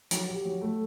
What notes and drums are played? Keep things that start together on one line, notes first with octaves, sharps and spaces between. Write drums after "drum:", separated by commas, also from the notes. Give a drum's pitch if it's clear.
F#3, drum: hi-hat
G4
F#3
A3